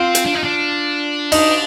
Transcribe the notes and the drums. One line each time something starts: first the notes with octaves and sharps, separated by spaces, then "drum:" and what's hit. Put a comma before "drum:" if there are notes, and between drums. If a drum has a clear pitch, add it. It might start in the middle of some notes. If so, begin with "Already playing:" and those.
Already playing: C4 F4
drum: hi-hat
D4
D#4
D4
D#4, drum: cymbal